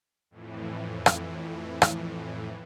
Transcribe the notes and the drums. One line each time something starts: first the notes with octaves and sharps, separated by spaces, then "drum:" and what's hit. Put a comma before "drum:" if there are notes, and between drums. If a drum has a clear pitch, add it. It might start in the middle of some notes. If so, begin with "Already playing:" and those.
F2 A2 E3
drum: rim click
drum: rim click